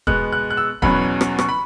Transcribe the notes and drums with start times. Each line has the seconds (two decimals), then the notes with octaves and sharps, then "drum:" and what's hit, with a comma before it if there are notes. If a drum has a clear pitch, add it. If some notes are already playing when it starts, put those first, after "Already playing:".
0.07 B2 G#3 B3 F#6, drum: kick
0.33 F#6
0.51 F#6
0.57 E6
0.82 E2 B2 F#3 C#4 B5, drum: kick
1.21 drum: rim click
1.39 C#6, drum: rim click
1.49 B5